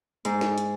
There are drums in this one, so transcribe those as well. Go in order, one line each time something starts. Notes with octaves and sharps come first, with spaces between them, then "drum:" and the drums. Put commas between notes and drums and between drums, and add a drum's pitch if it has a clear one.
G#2, drum: hi-hat
drum: snare
drum: hi-hat